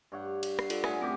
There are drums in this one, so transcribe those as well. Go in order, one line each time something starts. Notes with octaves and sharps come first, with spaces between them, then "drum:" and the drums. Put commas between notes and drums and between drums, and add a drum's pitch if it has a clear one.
G2 C#5 F#5
drum: cymbal
C7, drum: rim click
F4 A4 D5, drum: cymbal
A2 G#4 E5 F#5 G#5, drum: rim click
F#2 C4 G4 D6